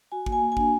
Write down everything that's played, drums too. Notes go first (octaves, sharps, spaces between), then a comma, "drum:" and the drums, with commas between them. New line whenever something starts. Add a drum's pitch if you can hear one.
F#4 G#5
A#3, drum: kick
G#5
A#3
G#5
D4, drum: kick